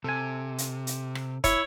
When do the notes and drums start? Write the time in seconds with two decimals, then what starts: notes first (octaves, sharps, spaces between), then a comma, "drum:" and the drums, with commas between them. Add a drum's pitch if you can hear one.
0.04 C3 A4 G#5
0.58 drum: hi-hat
0.87 drum: hi-hat
1.15 drum: rim click
1.44 E4 C#5, drum: kick, hi-hat